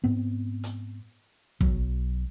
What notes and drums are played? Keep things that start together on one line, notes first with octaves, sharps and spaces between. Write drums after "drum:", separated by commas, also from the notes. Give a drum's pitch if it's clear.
G#2 B3 C4
drum: hi-hat
B1 F#3, drum: kick